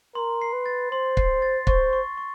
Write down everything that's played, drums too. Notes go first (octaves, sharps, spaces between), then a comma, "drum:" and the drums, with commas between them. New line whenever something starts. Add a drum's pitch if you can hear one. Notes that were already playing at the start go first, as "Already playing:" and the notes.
A#4 C6
C7
B4
A6
C5 C6
C7, drum: kick
A6
C5 C#6, drum: kick
C#6
C#6